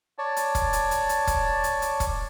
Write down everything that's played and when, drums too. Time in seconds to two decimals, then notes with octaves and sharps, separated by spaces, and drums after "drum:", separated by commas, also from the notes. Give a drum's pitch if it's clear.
0.18 C#5 D5 A5
0.37 drum: hi-hat
0.55 drum: kick, hi-hat
0.73 drum: hi-hat
0.91 drum: hi-hat
1.09 drum: hi-hat
1.27 drum: kick, hi-hat
1.64 drum: hi-hat
1.82 drum: hi-hat
2.00 drum: kick, hi-hat